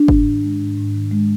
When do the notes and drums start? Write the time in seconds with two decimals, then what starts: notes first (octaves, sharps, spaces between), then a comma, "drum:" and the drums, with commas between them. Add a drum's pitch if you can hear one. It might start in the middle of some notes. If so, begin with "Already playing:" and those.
Already playing: D4
0.08 G#2, drum: kick F#1
0.26 D#3
0.43 G#3
0.61 G#2
0.78 G#2
0.94 D#3
1.11 G#3